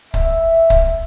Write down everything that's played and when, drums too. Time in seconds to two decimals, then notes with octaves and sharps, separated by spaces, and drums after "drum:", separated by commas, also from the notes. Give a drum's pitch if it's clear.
0.14 E5, drum: kick C#1
0.70 drum: kick C#1